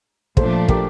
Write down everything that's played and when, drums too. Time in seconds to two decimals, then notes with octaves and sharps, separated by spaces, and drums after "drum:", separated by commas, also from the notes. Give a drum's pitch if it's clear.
0.37 A#2 F3 A3 D4 A4 C5, drum: kick
0.68 G4 A#4, drum: kick